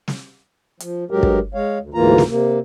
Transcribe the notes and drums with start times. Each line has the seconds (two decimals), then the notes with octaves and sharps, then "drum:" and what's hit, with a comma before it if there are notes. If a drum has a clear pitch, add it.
0.08 drum: snare
0.80 F3, drum: hi-hat
1.11 G2 F#3 G#3 G4 A#4
1.23 drum: kick
1.54 G#3 C#5 F5
1.80 D2
1.94 D2 G#2 E3 A#3 F4 A#5
2.18 drum: snare
2.29 C3 A#3